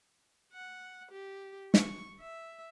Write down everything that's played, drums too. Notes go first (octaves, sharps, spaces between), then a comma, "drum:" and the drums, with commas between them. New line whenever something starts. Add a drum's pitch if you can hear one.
F#5
G4
C#6, drum: snare
E5